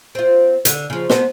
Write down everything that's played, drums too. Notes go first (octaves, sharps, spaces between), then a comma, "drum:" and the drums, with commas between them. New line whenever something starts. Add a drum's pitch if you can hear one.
C4 F4
D3, drum: hi-hat
C#3 F3
B3 A4 C5, drum: snare